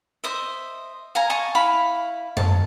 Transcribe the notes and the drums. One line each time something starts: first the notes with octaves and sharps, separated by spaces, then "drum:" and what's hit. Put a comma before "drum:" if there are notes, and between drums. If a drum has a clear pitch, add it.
C5 D#5 E5
F5 G#5 A#5
D#5 G#5 A5 C#6
E4 F5 B5
A5, drum: tom F#2